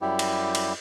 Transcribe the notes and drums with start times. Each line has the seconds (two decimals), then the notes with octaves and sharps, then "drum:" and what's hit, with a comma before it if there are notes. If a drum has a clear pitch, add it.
0.01 F#2 G3 E4 G4
0.19 drum: cymbal
0.55 drum: cymbal